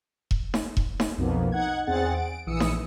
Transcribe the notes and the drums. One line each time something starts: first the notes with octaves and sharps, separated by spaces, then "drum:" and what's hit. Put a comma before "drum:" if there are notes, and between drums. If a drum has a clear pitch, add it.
drum: kick E1
drum: snare D#4
drum: kick E1
drum: snare D#4
B1 F2 B2 F3 A#3 B3
D#4 F#5 G#6
E2 C4 G#4 F#5 A6
D7
A#1 E3 D#6 E6 C#7
drum: snare D#4